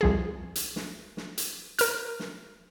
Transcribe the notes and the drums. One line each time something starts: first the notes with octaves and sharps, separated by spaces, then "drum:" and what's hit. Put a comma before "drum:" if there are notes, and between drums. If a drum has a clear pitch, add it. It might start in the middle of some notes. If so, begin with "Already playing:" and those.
C2 F3 G#4
drum: hi-hat
drum: snare
drum: snare
drum: hi-hat
A#4 F6, drum: hi-hat
drum: snare